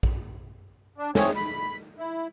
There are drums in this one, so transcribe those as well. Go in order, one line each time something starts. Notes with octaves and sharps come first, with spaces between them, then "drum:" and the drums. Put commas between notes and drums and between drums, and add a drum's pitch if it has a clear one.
drum: kick A#1
D4
F2 A3 C4 G#4 C#5, drum: snare
B5
E4